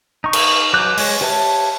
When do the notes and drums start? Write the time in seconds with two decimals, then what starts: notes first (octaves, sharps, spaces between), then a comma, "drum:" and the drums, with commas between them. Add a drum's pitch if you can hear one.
0.24 D#4 C#6
0.33 drum: cymbal
0.74 F#3 D6 F#6 G6
0.97 G#3 C#5, drum: open hi-hat
1.21 G4 B4 C#5 E5 A5